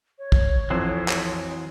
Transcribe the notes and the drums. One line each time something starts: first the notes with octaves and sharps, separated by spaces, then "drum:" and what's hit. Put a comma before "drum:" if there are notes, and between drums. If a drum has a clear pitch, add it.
C#5
drum: kick
F2 E3 F#3 C5
drum: clap